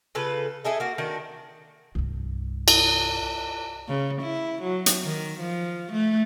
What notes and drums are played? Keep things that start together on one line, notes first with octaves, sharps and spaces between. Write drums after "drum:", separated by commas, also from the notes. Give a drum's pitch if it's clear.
C#3 F4 A4 B4
E4 G#4 A4 D#5
A#3 F#4
D#3 D4 F#4
C2 G2
drum: cymbal
C#3
E4
F#3
drum: hi-hat
D#3
F3
A3